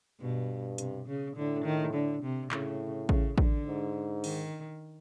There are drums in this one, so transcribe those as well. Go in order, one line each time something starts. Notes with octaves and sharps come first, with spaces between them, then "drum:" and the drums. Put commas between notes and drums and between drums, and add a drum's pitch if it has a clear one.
G2 B2
C3, drum: hi-hat
C#3
A2 D3
D#3
D3
C3
A2 C#3, drum: clap
C#3, drum: kick A1
D3, drum: kick A1
G#2
D#3, drum: open hi-hat